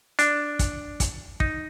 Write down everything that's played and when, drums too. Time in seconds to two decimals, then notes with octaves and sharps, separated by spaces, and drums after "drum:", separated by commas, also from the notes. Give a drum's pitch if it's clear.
0.19 D4, drum: hi-hat
0.59 drum: kick, hi-hat
1.00 drum: kick, hi-hat
1.40 D#4, drum: kick